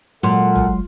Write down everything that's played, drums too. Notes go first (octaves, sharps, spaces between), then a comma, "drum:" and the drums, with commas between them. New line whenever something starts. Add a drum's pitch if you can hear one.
A#2 F#3 G#3 A4 F#5 C6
drum: tom